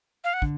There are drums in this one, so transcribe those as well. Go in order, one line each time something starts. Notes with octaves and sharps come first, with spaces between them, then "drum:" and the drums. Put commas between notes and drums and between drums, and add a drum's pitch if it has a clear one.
F5
F#5
D3, drum: kick